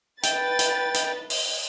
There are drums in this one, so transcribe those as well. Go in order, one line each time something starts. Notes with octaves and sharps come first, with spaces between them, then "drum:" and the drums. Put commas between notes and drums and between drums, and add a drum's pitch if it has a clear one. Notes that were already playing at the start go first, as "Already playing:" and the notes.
B4 G5 A6, drum: hi-hat
drum: hi-hat
drum: hi-hat
drum: open hi-hat